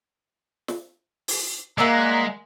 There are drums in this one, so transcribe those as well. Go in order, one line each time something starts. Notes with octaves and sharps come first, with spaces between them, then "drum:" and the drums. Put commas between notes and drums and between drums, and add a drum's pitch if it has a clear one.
drum: snare
drum: open hi-hat
G#3 A#3 D5 E5 F#5 A#5